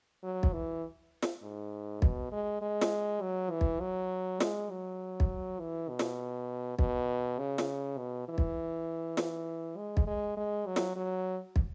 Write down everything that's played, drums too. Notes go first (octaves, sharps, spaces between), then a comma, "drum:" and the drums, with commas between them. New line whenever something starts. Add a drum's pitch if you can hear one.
F#3
drum: kick
E3
drum: snare
G#2
B2, drum: kick
G#3
G#3
drum: snare
F#3
E3
drum: kick
F#3
G#3, drum: snare
F#3
drum: kick
E3
B2
drum: snare
B2, drum: kick
C#3
drum: snare
B2
E3
drum: kick
drum: snare
G#3
drum: kick
G#3
G#3
F#3
drum: snare
F#3
drum: kick